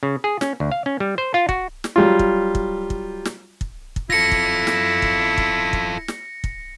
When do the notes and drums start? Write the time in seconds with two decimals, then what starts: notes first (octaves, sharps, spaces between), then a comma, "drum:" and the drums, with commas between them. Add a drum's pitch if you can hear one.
0.03 C#3
0.24 G#4
0.41 C#4, drum: snare
0.60 D2
0.72 F5
0.86 C#4
1.00 G3
1.18 C5
1.34 F4
1.49 F#4, drum: kick
1.84 drum: snare
1.96 F#3 G3 F4
2.19 drum: kick
2.55 drum: kick
2.90 drum: kick
3.25 drum: snare
3.61 drum: kick
3.96 drum: kick
4.10 E4 F4 A4 A#6 C#7
4.32 drum: kick
4.67 drum: snare
5.02 drum: kick
5.38 drum: kick
5.73 drum: kick
6.08 drum: snare
6.44 drum: kick